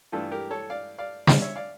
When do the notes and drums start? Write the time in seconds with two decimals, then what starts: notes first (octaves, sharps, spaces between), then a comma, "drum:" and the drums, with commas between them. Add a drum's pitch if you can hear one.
0.12 G2 E3 A3 D4 F4 A4
0.32 G4 A#4
0.51 A4 C#5
0.70 D5 F5
0.98 D5 F5
1.27 D5 F5, drum: snare
1.42 C#5 E5
1.56 D5 F5